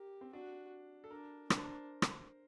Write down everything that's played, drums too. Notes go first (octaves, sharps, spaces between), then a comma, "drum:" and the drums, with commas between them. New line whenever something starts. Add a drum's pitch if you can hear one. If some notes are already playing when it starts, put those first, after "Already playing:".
Already playing: G4 A#4
C4
D4 F#4
A4
D4 A#4
D4, drum: rim click
C5
A#4
drum: rim click